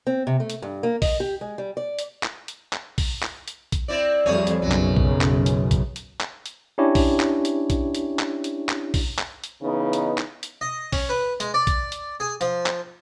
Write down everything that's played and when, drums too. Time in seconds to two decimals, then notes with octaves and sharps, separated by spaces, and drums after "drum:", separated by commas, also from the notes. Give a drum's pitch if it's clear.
0.07 C4
0.27 C3
0.40 A3
0.50 drum: hi-hat
0.62 G2
0.83 A#3
1.02 D#5, drum: kick A#1, open hi-hat
1.20 G4
1.41 G#3
1.58 G3
1.77 D5
1.99 drum: hi-hat
2.23 drum: clap
2.48 drum: hi-hat
2.73 drum: clap
2.98 drum: kick A#1, open hi-hat
3.23 drum: clap
3.48 drum: hi-hat
3.72 drum: kick A#1, hi-hat
3.88 C4 E4 D5
4.26 F2 G3 A3 G#4 C#5
4.47 drum: hi-hat
4.62 B1 F#2 C#3 F#3
4.72 drum: clap
4.97 drum: kick A#1
5.21 drum: clap
5.46 drum: hi-hat
5.71 drum: kick A#1, hi-hat
5.96 drum: hi-hat
6.21 drum: clap
6.46 drum: hi-hat
6.78 C#4 D4 E4 G4 C#5
6.95 drum: kick A#1, open hi-hat
7.20 drum: clap
7.45 drum: hi-hat
7.70 drum: kick A#1, hi-hat
7.95 drum: hi-hat
8.19 drum: clap
8.44 drum: hi-hat
8.69 drum: clap
8.94 drum: kick A#1, open hi-hat
9.19 drum: clap
9.44 drum: hi-hat
9.63 C#3 E3 B3 D#4
9.93 drum: hi-hat
10.18 drum: clap
10.43 drum: hi-hat
10.61 D#5
10.93 C#4, drum: kick A#1, open hi-hat
11.09 B4
11.40 G#3, drum: hi-hat
11.54 D5
11.67 drum: kick A#1, hi-hat
11.92 drum: hi-hat
12.20 G#4
12.41 F3, drum: hi-hat
12.66 drum: clap